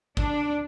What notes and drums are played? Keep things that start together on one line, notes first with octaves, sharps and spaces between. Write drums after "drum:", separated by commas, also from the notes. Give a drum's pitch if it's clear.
D4, drum: kick